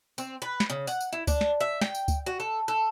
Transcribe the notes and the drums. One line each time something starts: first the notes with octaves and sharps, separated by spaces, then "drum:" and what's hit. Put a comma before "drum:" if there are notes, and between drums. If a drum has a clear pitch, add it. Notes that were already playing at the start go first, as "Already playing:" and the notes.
C4, drum: tambourine
B4
drum: snare
C#3
F#5, drum: tambourine
drum: tambourine
E4
D4, drum: kick C#2, tambourine
drum: snare
E5
G5, drum: snare
drum: tambourine
drum: kick C#2, tambourine
F#4
A4
A4